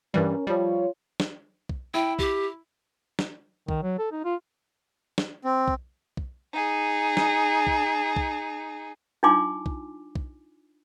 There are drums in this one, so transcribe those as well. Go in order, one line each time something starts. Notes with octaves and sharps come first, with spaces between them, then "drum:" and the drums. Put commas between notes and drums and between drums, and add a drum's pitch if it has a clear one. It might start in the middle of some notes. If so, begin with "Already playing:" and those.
G2 E3 G3 C#4 A#4
F3 G3 F4 C#5
drum: snare
drum: kick
E4 G5
G4, drum: kick
drum: snare
D#3, drum: kick
F#3
A4
D#4
F4
drum: snare
C4
drum: kick
drum: kick
D#4 G#4
drum: snare
drum: kick
drum: kick
D4 D#4 F4 G#5 C6 D6
drum: kick
drum: kick